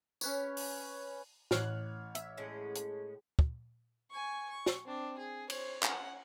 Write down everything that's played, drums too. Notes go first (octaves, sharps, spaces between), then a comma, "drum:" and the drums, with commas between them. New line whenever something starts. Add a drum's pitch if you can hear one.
C#4 B4 C#5, drum: tambourine
drum: open hi-hat
A1 A2 C#5 F6 F#6, drum: snare
E5, drum: hi-hat
A2 G#3 C#4
drum: hi-hat
drum: kick
G#5 C#6
C#6
drum: snare
C4 D4
G#4
C5 C#5, drum: cymbal
C#4 F#5, drum: clap